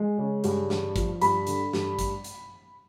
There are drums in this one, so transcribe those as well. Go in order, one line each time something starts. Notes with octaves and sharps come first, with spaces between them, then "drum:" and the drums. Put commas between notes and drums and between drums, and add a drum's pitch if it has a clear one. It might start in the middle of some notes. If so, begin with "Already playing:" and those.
Already playing: G#3
C#3
G2, drum: hi-hat
G2, drum: snare
F3, drum: kick, hi-hat
G2 B5, drum: hi-hat
D3, drum: hi-hat
G2, drum: snare
drum: kick, hi-hat
drum: hi-hat